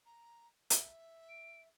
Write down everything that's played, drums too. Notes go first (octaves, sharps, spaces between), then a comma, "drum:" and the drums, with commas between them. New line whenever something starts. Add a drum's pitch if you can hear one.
A#5
E5, drum: hi-hat
D7